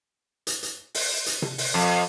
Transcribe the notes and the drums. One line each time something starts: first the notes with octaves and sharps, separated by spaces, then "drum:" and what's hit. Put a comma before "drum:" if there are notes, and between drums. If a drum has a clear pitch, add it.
drum: hi-hat
drum: hi-hat
drum: open hi-hat
drum: hi-hat
drum: tom C3
drum: open hi-hat
F2